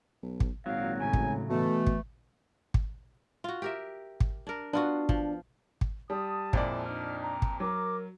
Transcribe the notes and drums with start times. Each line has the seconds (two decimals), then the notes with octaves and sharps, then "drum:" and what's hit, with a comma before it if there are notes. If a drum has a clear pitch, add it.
0.23 B1
0.40 drum: kick
0.66 G#1 A#2 F#3 F5
1.00 A2 C#3 F#3 G#5
1.13 drum: kick
1.50 B2 E3 A3 A4
1.87 drum: kick
2.74 drum: kick
3.44 F4 F#4
3.62 G4 A#4 E5
4.20 drum: kick
4.47 D4 A#4
4.73 B3 D4 F4 F#4
5.09 F3, drum: kick
5.81 drum: kick
6.10 G3 A5 D#6
6.53 F2 A#2 G#3 E4 D5, drum: kick
6.85 D4 D#4 F6
7.22 A#5
7.42 drum: kick
7.60 F#3 A#4 D6